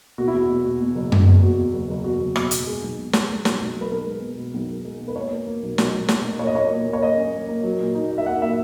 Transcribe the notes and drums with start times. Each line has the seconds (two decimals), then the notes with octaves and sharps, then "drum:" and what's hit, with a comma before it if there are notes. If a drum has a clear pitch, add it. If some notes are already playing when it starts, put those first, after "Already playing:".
0.18 B2 F#4
0.27 E4
0.33 E2 F#4
0.49 B2
0.65 B2
0.81 B2
0.96 F#1
1.12 F#1, drum: tom F#2
1.28 E2
1.42 B2 F#4
1.58 E2
1.74 F#1
1.89 F#1
2.04 E2 F#4
2.20 F#1
2.36 B2, drum: rim click
2.51 B2, drum: hi-hat
2.67 G#3 G#4
2.82 B1
2.97 B2
3.13 B1, drum: snare
3.29 G#3
3.45 B1, drum: snare
3.60 B1
3.75 G#3
3.81 B4
3.91 B1 A#4
4.07 G#3
4.22 B2
4.38 B2
4.54 B1
4.70 G#3
4.85 G#3
5.00 B2
5.08 B4
5.16 A#3 C#5
5.31 A#3
5.47 A#3
5.62 B1
5.78 B1, drum: snare
5.93 A#2
6.08 A#2, drum: snare
6.25 A#3
6.39 A#2 C#5
6.47 D#5
6.55 A#3 C#5
6.72 A#2
6.86 A#2
6.93 C#5
7.02 A#3 D#5
7.17 C#4
7.33 A#3
7.48 A#3
7.64 F#3
7.80 A#2
7.95 D#4
8.10 D#4
8.18 E5
8.26 A#3 F#5
8.42 A#2 E5